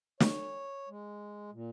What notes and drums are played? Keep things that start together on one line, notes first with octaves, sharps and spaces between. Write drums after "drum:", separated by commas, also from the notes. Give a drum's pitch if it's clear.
C#5, drum: snare
G#3
A#2